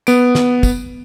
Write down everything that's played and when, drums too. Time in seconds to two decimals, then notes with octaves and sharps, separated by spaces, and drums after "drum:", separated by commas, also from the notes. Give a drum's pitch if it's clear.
0.07 B3 D7, drum: tambourine
0.35 drum: snare
0.63 drum: kick, tambourine